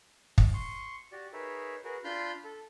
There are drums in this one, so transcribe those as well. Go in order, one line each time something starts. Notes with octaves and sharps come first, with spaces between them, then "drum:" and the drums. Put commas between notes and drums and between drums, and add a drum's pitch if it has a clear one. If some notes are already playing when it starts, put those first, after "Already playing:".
drum: kick
C6 C#6
F#4 G4 D5
D#4 G#4 A#4 B4 C#5 E5
F#4 G#4 A#4 B4
D4 F4 B5 C6 F6 G6
A4